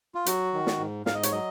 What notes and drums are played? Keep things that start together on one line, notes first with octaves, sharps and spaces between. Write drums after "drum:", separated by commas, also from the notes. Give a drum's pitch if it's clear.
F4
F#3 F#4, drum: hi-hat
D#3
drum: snare
G#2
G#2 F5, drum: snare
D#5
C#5, drum: hi-hat
F#3 D#5